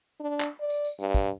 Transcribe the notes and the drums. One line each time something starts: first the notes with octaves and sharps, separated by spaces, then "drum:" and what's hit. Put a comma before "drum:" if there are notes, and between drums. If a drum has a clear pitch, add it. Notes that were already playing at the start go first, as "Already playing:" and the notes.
D4
drum: clap
D5
drum: tambourine
drum: tambourine
G2, drum: tambourine
drum: kick, tambourine